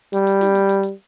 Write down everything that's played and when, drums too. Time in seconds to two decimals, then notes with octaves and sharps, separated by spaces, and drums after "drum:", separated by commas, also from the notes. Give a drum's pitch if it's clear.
0.13 G3, drum: hi-hat
0.27 drum: hi-hat
0.41 drum: snare
0.55 drum: hi-hat
0.69 drum: hi-hat
0.83 drum: hi-hat